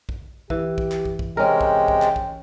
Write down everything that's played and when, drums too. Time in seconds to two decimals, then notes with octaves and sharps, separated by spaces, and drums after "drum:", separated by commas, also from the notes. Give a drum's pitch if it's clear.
0.09 drum: kick
0.50 E3 G4, drum: kick
0.78 drum: kick
0.92 drum: clap
1.05 drum: kick
1.19 drum: kick
1.37 C3 G#3 C#4 A#4 G5
1.61 drum: kick
1.88 drum: kick
2.02 drum: clap
2.16 drum: kick